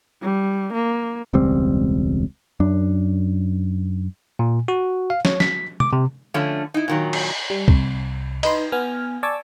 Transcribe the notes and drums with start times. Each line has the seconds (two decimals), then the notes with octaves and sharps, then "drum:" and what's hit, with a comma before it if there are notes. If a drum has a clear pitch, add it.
0.22 G3
0.73 A#3
1.34 E1 C#2 G3 C4
2.60 F#2 D4
4.39 A#2
4.68 F#4
5.10 F5
5.25 C#5, drum: snare
5.40 B6, drum: snare
5.80 D6, drum: tom
5.93 C3
6.34 D3 F3 A3 C#4
6.74 D#4 E4
6.88 A#2 D#3 F#3
7.13 drum: cymbal
7.50 G3
7.68 C2, drum: kick
8.43 D#4 B4 C6, drum: cymbal
8.72 B3 G#5 F6
9.23 D5 G#5 A5 C#6 D6 E6